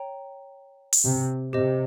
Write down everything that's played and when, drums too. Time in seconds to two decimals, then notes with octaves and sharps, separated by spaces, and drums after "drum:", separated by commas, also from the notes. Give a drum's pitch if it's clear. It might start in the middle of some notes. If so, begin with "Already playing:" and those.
Already playing: C#5 G5 A#5
0.93 drum: open hi-hat
1.06 C3
1.53 C3 G4 C5 D#5